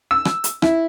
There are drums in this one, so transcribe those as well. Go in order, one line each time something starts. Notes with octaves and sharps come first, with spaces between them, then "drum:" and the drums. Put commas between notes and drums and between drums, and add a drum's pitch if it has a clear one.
E6
drum: rim click
drum: hi-hat
E4, drum: rim click